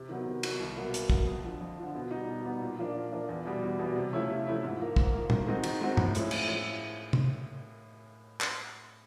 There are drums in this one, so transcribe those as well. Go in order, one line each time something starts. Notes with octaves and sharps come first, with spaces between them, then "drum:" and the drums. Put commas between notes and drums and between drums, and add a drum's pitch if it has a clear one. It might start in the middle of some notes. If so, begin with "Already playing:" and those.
Already playing: C3
D#3 F#3 B3
C3
D#3 F#3 B3, drum: cymbal
C2
B2 F#3 A#3
C2, drum: hi-hat
B2 F#3 A#3, drum: kick
F2
D3 F3
F2
D3 F3
B2
G3 B3 D#4
B2
G3 B3 D#4
A#2
F3 A#3 D4
A#2
F3 A#3 D4
E2
B2 G3
E2
B2 G3
C3
F3 A3 C#4 E4
C3
F3 A3 C#4 E4
G#2
F3 A#3
G#2, drum: kick
F3 A#3
D#3, drum: tom
G#3 C4 D#4 F#4
D#3, drum: cymbal
G#3 C4 D#4 F#4
A2, drum: tom
F3 G#3 C#4 E4, drum: hi-hat
A2, drum: cymbal
F3 G#3 C#4 E4
drum: tom
drum: clap